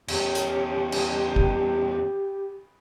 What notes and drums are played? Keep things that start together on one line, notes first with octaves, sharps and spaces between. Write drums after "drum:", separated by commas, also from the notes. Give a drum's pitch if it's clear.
E2 C#4 G4, drum: cymbal
drum: hi-hat
drum: cymbal
drum: kick